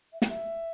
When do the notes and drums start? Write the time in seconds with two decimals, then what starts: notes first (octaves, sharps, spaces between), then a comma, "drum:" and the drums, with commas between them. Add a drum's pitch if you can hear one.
0.13 E5
0.22 G5, drum: snare
0.29 E5